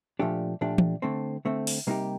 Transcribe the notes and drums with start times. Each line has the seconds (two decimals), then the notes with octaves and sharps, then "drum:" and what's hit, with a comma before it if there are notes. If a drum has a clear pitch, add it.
0.19 A#2 F3 A3 D4 G4
0.61 A#2 F3 A3 D4 G4
0.78 drum: tom E3
1.02 D3 A3 C4
1.45 D3 A3 C4
1.67 drum: open hi-hat
1.87 C3 G3 A#3 D#4 G4